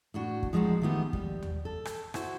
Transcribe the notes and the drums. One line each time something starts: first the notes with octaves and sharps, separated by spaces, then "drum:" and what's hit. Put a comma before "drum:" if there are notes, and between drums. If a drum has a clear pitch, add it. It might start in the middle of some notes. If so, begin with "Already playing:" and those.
A2 D4 F#4
drum: kick
F3 G#3 C4 D#4 F#4
D#3 F3 A3 B3 G4
G3, drum: kick
drum: tom D#2
A4
drum: rim click
E4 F#4 C5, drum: rim click